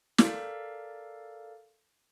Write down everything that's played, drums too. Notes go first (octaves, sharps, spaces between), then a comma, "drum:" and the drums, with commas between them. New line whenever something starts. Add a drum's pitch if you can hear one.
A4 A#4 D5 F5, drum: snare